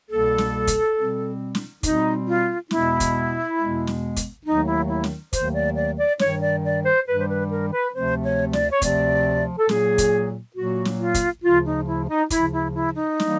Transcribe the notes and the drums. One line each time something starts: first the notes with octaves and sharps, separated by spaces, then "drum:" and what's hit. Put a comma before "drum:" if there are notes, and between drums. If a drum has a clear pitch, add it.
C2 B2 G3 A#3 A4
drum: snare
drum: kick, hi-hat
B2 G3 C4
drum: snare
B2 G3 C4 D#4, drum: kick, hi-hat
F4
E2 B2 G#3 B3 E4, drum: snare
drum: kick, hi-hat
E2 B2 G#3 B3
drum: snare
drum: kick, hi-hat
D#2 D#3 F#3 A3 D#4
E4
E4
drum: snare
D#2 D#3 F#3 A3 C5, drum: kick, hi-hat
D5
D5
D5
G2 D#3 G3 C#5, drum: snare
D5
D5
C5
G2 D#3 G3 B4
C5
B4
A#4
B4
D2 C3 F3 A3 C4 C5
C#5
D5, drum: snare
C#5
D2 C3 F3 A3 C4 D5, drum: kick, hi-hat
A4
A#2 F#3 A#3 G#4, drum: snare
drum: kick, hi-hat
A#2 F#3 A#3 F#4
drum: snare
F4
drum: kick, hi-hat
D2 C#3 F3 F4
D#4
E4
D#4
D2 C#3 F3 E4, drum: kick, hi-hat
E4
E4
D#4
E3 G3 A#3, drum: snare